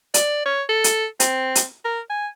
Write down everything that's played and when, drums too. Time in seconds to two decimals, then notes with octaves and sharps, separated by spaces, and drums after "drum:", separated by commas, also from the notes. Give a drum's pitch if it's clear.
0.14 D5, drum: hi-hat
0.45 C#5
0.69 A4
0.84 drum: hi-hat
1.20 C4, drum: hi-hat
1.55 drum: hi-hat
1.85 A#4
2.10 G#5